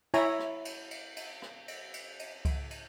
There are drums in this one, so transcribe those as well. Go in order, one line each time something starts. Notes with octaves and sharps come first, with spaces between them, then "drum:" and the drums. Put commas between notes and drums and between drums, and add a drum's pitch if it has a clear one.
E4 C#5 G#5 A#5, drum: cymbal
drum: rim click
drum: cymbal
drum: cymbal
drum: cymbal
drum: rim click
drum: cymbal
drum: cymbal
drum: cymbal
drum: kick C#2, cymbal
drum: cymbal